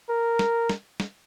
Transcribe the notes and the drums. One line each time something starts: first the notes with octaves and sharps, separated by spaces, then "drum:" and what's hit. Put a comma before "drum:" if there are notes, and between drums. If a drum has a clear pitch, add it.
A#4
drum: snare
drum: snare
drum: snare